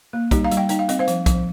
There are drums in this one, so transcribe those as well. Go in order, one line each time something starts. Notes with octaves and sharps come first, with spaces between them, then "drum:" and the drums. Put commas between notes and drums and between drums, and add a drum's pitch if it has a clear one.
A#3
G3 D#4 G4, drum: kick B1, hi-hat
F5 A#5
G3, drum: hi-hat
D#5 G5
D#4 G5, drum: hi-hat
F5
C4 D#5, drum: hi-hat
C5 F5
F3, drum: hi-hat
F3, drum: kick B1, hi-hat